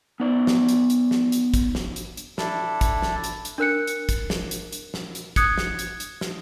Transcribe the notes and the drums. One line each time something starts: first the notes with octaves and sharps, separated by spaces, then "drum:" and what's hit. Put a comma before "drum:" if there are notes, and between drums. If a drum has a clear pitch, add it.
B3 D#4 D5
drum: snare
drum: hi-hat
drum: hi-hat
drum: snare
drum: hi-hat
drum: kick, hi-hat
drum: snare
drum: hi-hat
drum: hi-hat
D4 E4 A4, drum: snare
drum: kick, hi-hat
drum: snare
drum: hi-hat
drum: hi-hat
D4 A#4 F#6 C#7
drum: hi-hat
drum: kick, hi-hat
drum: snare
drum: hi-hat
drum: hi-hat
drum: snare
drum: hi-hat
D#6 F#6 G#6 C#7, drum: kick, hi-hat
drum: snare
drum: hi-hat
drum: hi-hat
drum: snare